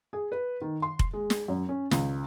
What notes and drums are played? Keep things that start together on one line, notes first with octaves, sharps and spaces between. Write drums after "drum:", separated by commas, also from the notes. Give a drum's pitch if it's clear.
G#4
B4
D#3
C6
drum: kick F1
G#3
drum: snare
F#2
C#4
C#2, drum: snare